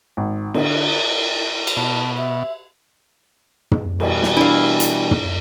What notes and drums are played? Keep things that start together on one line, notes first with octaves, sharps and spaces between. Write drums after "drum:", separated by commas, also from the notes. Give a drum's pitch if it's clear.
G#1
D3, drum: cymbal
drum: cymbal
B2 A5
E5
drum: tom
B2 E3 G3, drum: cymbal
drum: snare
D4 E4 F5
drum: hi-hat
drum: tom